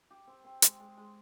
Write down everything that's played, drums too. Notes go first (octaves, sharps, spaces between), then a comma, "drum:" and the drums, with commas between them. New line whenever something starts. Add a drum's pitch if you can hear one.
G4
C4
C4
G#3, drum: hi-hat
G#3
G#3